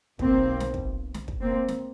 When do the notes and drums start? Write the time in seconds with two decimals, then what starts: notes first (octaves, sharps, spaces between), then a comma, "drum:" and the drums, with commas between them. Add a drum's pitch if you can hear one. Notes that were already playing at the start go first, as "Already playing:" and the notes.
0.19 B1 B2 A#3 C4, drum: kick
0.60 drum: snare
0.74 drum: kick
1.14 drum: snare
1.28 drum: kick
1.41 A#3 C4
1.68 drum: snare